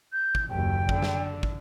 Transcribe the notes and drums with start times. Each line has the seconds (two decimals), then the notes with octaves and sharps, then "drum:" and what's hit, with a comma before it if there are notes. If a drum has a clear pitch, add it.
0.12 G6
0.35 drum: kick
0.49 F#1 D#2 G5
0.89 D3, drum: kick
1.02 drum: snare
1.43 drum: kick